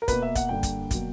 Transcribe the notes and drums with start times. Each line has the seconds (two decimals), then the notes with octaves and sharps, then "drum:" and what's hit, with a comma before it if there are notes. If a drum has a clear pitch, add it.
0.02 A#4
0.08 B2 A#3 B4, drum: kick, hi-hat
0.22 E5
0.35 F#5, drum: kick, hi-hat
0.49 G2 D3 A#3 G5
0.63 drum: kick, hi-hat
0.91 B2 F#3 A#3, drum: kick, hi-hat